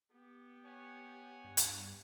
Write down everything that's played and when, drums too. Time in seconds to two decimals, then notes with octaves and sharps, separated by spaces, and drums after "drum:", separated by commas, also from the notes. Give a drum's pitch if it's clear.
0.12 B3 G4
0.65 C#5 F#5 G#5
1.44 G2
1.57 drum: hi-hat